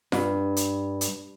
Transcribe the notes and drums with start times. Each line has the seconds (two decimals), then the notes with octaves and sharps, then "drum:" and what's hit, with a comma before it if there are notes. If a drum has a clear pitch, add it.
0.12 G2, drum: snare F4
0.57 drum: hi-hat
1.01 drum: hi-hat